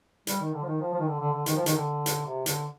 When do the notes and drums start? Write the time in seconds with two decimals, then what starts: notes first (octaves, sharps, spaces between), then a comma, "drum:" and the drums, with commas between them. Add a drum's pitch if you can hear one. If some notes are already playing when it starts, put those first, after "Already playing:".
0.27 G3, drum: hi-hat
0.39 D#3
0.53 D3
0.63 F3
0.67 D#3
0.80 F3
0.93 F3
1.00 D#3
1.07 D3
1.20 D3
1.32 D3
1.46 D#3, drum: hi-hat
1.56 F3
1.66 D#3, drum: hi-hat
1.76 D3
2.06 drum: hi-hat
2.26 C3
2.46 D3, drum: hi-hat